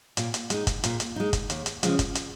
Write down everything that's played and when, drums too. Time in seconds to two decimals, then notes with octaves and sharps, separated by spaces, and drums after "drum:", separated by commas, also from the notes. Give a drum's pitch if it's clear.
0.17 A#2, drum: hi-hat
0.34 drum: hi-hat
0.50 G#3 D#4, drum: hi-hat
0.67 drum: kick, hi-hat
0.84 A#2, drum: hi-hat
1.00 drum: hi-hat
1.16 G#3 D#4
1.33 drum: kick, hi-hat
1.50 D#2, drum: hi-hat
1.66 drum: hi-hat
1.83 C#3 F3 G#3, drum: hi-hat
1.99 drum: kick, hi-hat
2.15 drum: hi-hat